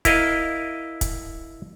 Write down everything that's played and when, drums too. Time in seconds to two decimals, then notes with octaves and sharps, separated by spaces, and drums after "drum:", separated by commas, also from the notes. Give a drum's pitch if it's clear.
0.05 E4 A#4 D#5 F5, drum: kick, hi-hat
1.01 drum: kick, hi-hat